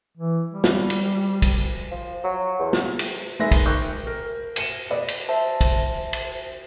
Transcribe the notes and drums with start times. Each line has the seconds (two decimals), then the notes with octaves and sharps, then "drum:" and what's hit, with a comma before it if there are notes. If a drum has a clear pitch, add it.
0.17 E3
0.52 G3
0.64 drum: snare
0.90 drum: cymbal
1.42 drum: kick, cymbal
1.91 F3
2.24 F#3
2.59 E2
2.73 drum: snare
2.99 drum: cymbal
3.40 G#3 D#4 A#4 B4 E5 A#6
3.51 drum: kick, cymbal
3.66 A#4 G5 C#6 D6 F#6 G6
4.07 A#4
4.56 C#7 D#7 E7, drum: cymbal
4.90 B4 D5 D#5
5.08 drum: cymbal
5.29 C5 E5 A5
5.61 drum: kick, cymbal
6.13 drum: cymbal